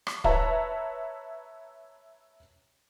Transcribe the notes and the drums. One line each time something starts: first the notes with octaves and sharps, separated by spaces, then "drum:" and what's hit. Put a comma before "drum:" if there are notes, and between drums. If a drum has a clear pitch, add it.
drum: rim click
B4 C#5 E5 A5 A#5, drum: kick